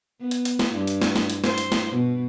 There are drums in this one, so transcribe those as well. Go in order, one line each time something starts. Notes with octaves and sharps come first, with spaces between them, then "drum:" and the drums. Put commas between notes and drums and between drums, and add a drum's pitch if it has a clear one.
B3
drum: hi-hat
drum: hi-hat
drum: snare
G2
drum: hi-hat
drum: snare
drum: snare
drum: hi-hat
C5, drum: snare
drum: hi-hat
drum: snare
B2